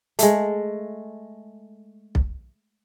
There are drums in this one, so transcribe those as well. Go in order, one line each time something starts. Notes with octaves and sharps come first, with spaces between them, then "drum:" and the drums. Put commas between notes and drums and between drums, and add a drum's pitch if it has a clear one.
G#3 A3, drum: hi-hat
drum: kick B1